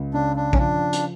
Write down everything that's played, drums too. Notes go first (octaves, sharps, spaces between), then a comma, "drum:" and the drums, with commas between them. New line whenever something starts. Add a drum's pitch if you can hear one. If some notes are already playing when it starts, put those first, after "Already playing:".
Already playing: C#2
C#3 D4
D4
C#4, drum: kick A#1
F3 D4
drum: hi-hat